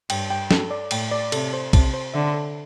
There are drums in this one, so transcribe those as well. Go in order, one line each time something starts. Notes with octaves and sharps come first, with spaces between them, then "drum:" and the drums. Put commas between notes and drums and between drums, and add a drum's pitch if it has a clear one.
G2 G5, drum: cymbal
G5
A4, drum: snare
D5
A2 G5, drum: cymbal
D5
C3 A4, drum: cymbal
C5
C3 A5, drum: kick, cymbal
C5
D3 E5
A4